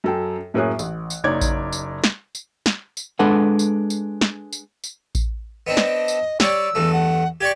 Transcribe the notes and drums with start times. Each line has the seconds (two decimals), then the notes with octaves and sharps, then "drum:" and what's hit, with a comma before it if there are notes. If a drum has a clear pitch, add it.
0.04 F#2 A4 G5
0.54 F#2 A2 A#3 C#4 G#4 F#6
0.79 A1, drum: tambourine
1.10 drum: tambourine
1.24 F#1 D#4 C#5 D5 D6 G#6
1.41 drum: kick A1, tambourine
1.72 drum: tambourine
2.04 drum: snare
2.35 drum: tambourine
2.66 drum: snare
2.97 drum: tambourine
3.19 G#3 D4 A4 B4 F#5
3.59 drum: tambourine
3.90 drum: tambourine
4.21 drum: snare
4.53 drum: tambourine
4.84 drum: tambourine
5.15 drum: kick A1, tambourine
5.67 B3 C4 D4 D#5
5.77 drum: snare
6.08 drum: tambourine
6.40 G3 C#5 D5 E6, drum: snare
6.75 E2 G2 A3
6.93 F#5
7.41 G4 D5 C#6 G#6